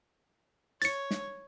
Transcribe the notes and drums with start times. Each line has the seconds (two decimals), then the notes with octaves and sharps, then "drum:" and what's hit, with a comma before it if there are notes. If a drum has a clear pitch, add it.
0.82 C#5 A6 C#7, drum: hi-hat
1.11 drum: snare